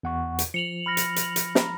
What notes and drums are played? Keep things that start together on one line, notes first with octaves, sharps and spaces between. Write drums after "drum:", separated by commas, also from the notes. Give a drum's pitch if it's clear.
E2 F#5 C#6
drum: hi-hat
F3 C#7 F7 F#7
B5 F6 A#6
drum: hi-hat
drum: hi-hat
drum: hi-hat
A#5 B5, drum: snare